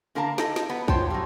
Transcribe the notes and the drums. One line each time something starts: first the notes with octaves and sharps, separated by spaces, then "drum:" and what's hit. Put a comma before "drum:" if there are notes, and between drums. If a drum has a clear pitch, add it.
D3 A#3 A#4 F5 A5 A#5
D#4 A4 D#5 A5, drum: snare
drum: snare
B3
F4 C5 C#5 G5 A5, drum: kick
F#3 G3